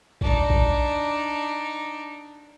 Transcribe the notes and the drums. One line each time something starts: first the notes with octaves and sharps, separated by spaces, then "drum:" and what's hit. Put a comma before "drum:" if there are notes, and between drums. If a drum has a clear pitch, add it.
D4 D#4, drum: kick A#1
drum: kick A#1